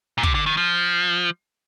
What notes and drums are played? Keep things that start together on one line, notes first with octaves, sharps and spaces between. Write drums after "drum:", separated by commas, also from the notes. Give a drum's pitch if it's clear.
A#2
C3, drum: kick
D3
D#3
F3